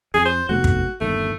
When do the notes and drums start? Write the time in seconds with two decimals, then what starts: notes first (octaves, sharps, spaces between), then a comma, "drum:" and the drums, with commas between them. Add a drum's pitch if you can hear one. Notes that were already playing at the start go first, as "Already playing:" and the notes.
0.14 F2 G#4
0.26 C5
0.49 F1 A3 B3 F#4
0.64 drum: kick
1.01 G1 D#2 A3